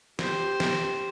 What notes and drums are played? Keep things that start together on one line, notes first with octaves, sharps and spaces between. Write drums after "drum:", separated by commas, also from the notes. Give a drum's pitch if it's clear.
G4 C5, drum: snare
drum: snare